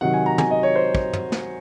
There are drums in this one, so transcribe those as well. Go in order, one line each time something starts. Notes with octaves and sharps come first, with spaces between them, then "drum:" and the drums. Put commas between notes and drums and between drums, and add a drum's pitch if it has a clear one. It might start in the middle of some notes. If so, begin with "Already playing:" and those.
C3 D#3 F#3 F#5
G#5
A#5
G#5, drum: tom
D#5
C#5
C5
drum: kick
drum: tom
drum: snare